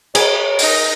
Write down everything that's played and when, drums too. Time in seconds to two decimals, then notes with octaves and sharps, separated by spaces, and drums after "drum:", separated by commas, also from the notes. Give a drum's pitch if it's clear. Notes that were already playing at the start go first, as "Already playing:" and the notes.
0.15 G#4 C#5, drum: cymbal
0.59 D#4 A#4 D#5, drum: open hi-hat